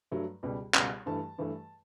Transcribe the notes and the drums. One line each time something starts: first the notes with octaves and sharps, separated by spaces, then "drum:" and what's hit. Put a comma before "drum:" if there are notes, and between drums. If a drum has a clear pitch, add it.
G2 F#3 A3
C#2 B2 G3
C#2 B2 G3, drum: clap
G2 E3 A3 A5
G2 E3 A3